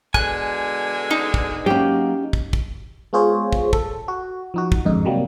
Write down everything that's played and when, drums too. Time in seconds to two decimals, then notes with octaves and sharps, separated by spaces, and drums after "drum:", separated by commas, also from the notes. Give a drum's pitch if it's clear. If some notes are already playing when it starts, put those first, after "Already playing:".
0.14 B2 D3 G#3 G#5 F#6, drum: kick
1.11 D#4
1.34 drum: kick
1.66 F#3 A#3 C#4 G4
2.33 drum: kick
2.53 drum: kick
3.13 G#3 B3 F4 G#4 C5 C#5
3.53 drum: kick
3.73 A4, drum: kick
4.08 F#4
4.54 F3 D#4 F#4
4.72 drum: kick
4.85 F2 G#2 D3 D#4
5.05 C3 F#3 G3 A#3